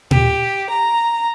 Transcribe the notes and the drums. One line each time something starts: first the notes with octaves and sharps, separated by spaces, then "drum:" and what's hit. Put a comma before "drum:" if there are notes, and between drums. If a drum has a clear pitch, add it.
G4, drum: tom A#2
A#5